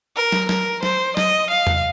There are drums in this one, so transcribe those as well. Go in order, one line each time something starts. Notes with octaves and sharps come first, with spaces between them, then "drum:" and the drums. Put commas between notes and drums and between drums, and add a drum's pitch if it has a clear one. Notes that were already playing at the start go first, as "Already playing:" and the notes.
A#4
drum: snare
A#4, drum: snare
C5, drum: snare
D#5, drum: snare
F5
drum: tom E2